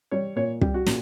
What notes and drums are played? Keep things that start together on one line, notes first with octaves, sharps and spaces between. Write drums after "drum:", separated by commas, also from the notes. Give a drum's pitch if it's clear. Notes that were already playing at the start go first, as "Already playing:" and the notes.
G3 C#5
A#2 C#5
G3 G4, drum: kick
F#4
A#2, drum: snare